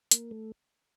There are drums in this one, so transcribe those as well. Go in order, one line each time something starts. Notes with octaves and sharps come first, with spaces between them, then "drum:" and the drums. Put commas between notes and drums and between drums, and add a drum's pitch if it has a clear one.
A#3, drum: hi-hat
A3